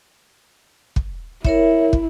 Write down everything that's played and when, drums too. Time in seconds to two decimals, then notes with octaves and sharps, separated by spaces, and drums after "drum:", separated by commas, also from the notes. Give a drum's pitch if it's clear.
0.96 drum: kick
1.44 E4 A#4 C#5 E5, drum: kick
1.93 drum: kick